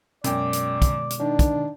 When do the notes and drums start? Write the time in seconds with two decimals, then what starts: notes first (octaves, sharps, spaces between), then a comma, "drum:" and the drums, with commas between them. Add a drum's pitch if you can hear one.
0.24 F#2 B2 G#3 D5 G5, drum: hi-hat
0.53 drum: hi-hat
0.82 drum: kick, hi-hat
1.10 drum: hi-hat
1.20 D#3 D4
1.39 drum: kick, hi-hat